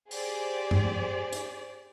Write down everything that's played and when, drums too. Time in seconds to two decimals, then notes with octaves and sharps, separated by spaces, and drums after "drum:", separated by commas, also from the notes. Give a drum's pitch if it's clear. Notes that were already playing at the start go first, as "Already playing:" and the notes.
0.11 G4 G#4 C5 D5, drum: open hi-hat
0.71 drum: tom G2
1.33 drum: hi-hat